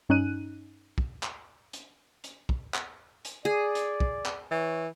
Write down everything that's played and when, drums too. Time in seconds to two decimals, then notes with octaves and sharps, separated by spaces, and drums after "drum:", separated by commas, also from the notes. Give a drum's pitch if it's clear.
0.09 G2 C#4 D#4 F#6 D#7
0.98 drum: kick
1.23 drum: clap
1.73 drum: hi-hat
2.24 drum: hi-hat
2.49 drum: kick
2.74 drum: clap
3.25 drum: hi-hat
3.45 G#4 D5
3.75 drum: hi-hat
4.00 drum: kick
4.26 drum: clap
4.51 E3 C#5